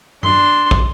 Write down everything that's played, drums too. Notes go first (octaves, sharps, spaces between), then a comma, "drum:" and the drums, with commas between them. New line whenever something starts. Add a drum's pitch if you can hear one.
D4 C6, drum: tom G2
drum: kick